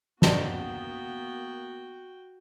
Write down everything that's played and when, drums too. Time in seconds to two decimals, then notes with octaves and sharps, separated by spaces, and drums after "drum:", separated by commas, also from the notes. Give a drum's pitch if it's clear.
0.22 A#3 B3 F#4 D5 D#5 G5 A5, drum: snare